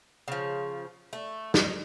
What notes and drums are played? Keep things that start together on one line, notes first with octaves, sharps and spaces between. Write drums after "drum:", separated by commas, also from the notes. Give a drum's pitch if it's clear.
C#3 F3
A3
D#4, drum: snare